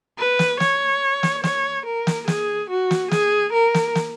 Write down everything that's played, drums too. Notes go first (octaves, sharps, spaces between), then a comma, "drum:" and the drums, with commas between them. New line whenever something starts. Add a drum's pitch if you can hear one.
B4
drum: snare
C#5, drum: snare
drum: snare
C#5, drum: snare
A#4
drum: snare
G#4, drum: snare
F#4
drum: snare
G#4, drum: snare
A#4
drum: snare
drum: snare